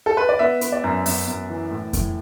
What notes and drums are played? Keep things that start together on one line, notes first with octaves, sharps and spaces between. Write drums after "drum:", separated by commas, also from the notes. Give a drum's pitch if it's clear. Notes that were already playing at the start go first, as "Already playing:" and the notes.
A4
B4
D5
B3 E5
B3, drum: hi-hat
D5
F#2
F#2, drum: open hi-hat
F#2
E3
A2
A2, drum: kick F2, hi-hat